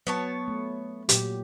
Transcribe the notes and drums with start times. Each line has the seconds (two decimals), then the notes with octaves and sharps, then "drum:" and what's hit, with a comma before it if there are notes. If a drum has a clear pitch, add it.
0.07 F#3 B3 C#5 A5
0.48 A3
1.09 A#2 F#3 G4, drum: hi-hat